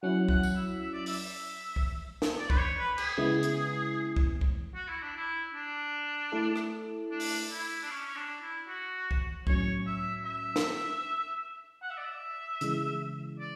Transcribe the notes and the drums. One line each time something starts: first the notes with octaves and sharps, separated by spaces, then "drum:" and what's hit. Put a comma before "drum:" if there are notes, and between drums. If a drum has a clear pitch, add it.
F#3 C#4 E4 F#5
F#5, drum: kick C2
drum: tambourine
E5
E5
D5
E5, drum: open hi-hat
drum: kick C2
drum: snare
D5
B4, drum: kick C2
C#5
B4
G#4, drum: cymbal
C#3 G#3 B3 E4
drum: hi-hat
drum: kick C2
drum: kick C2
F#4
E4
D4
E4
D4
A3 E4 A4
drum: rim click
D4
drum: open hi-hat
E4
D4
C#4
C#4
D4
E4
F#4
drum: kick C2
A2 F#3 C#4 C#5, drum: kick C2
E5
E5
drum: snare
F#5
E5
D5
E5
C#3 E3 G#3, drum: hi-hat
D5